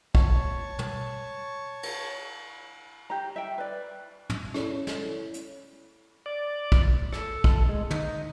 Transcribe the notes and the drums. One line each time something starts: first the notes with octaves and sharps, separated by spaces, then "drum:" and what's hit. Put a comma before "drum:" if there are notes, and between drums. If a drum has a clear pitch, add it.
C#5 A5 C#6, drum: kick
drum: tom
drum: cymbal
G4 A#5
E5 G5
B4 D5
drum: tom
C#4 E4 A4 C#5 D5, drum: rim click
drum: snare
drum: hi-hat
D5
drum: kick
A4, drum: rim click
drum: kick
G#3
D#4, drum: tom